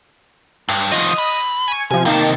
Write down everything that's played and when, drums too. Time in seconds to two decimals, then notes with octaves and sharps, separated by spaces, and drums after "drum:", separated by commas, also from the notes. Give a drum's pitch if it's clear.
0.69 G2, drum: cymbal
0.92 D#3 F3 D#5 D#6
1.19 B5
1.68 G#5 C#6
1.91 C3 F3 G#5
2.05 C3 D#3 A#3 D#4 A5